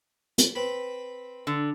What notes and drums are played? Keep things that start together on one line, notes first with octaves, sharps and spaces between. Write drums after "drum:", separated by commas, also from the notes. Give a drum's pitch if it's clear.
drum: hi-hat
C4 B4 B5
D3